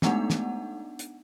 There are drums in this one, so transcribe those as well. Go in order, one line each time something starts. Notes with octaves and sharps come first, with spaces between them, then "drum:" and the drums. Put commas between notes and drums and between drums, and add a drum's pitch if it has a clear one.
G#3 A3 B3 D4 D#4 F#5, drum: snare
drum: snare
drum: hi-hat